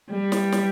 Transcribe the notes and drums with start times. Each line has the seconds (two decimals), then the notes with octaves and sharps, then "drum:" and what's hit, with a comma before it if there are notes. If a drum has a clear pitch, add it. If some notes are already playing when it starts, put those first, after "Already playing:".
0.11 G3
0.32 drum: snare
0.52 drum: snare